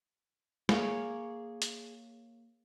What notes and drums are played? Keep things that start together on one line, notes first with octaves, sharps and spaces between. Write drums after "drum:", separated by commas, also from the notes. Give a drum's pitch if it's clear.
A#3 G#4 C#5, drum: snare
drum: hi-hat